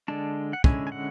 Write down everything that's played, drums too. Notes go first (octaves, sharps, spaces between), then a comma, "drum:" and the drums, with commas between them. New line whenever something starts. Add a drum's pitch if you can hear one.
D3 G#3 D4 A5
F#5
D3 G#3 C#4 E4 G#5, drum: kick
G#5
F#5